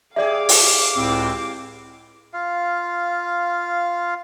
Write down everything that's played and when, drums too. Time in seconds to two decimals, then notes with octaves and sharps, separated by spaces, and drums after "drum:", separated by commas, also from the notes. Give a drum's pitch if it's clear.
0.16 G4 G#4 D5 E5 F5 D6
0.49 drum: open hi-hat
0.96 C#2 A2 C4
2.34 F4 F5